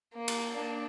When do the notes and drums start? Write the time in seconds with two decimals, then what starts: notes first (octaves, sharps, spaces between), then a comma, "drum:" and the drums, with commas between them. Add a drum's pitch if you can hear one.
0.15 A#3
0.28 drum: cymbal
0.54 A#3 D4